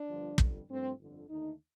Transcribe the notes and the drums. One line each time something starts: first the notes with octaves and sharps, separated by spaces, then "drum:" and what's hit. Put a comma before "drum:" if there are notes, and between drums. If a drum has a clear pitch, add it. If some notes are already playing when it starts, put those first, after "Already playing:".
Already playing: D4
G1 G2 F3
G1 F2 D3 G3, drum: kick
G2 F3 A3 C4
G1 F2 D3
D#2 D3 A3 D#4